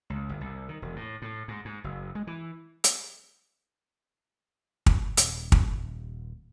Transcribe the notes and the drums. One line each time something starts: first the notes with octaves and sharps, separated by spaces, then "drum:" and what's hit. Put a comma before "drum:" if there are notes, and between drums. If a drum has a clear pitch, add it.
C#2
G1
C2
D#3
E1
A2
A2
G#2
G#2
F#1
G#3
E3
drum: hi-hat
drum: kick
D#1, drum: hi-hat
drum: kick